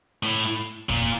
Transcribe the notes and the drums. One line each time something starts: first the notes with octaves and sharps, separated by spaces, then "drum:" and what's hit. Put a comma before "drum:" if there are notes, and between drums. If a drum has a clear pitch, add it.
A2
A#2, drum: kick E2